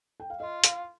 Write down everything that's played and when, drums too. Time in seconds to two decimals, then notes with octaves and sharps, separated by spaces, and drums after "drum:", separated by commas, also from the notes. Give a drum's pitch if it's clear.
0.20 G5
0.30 F5
0.40 F4 D#5
0.64 F5, drum: hi-hat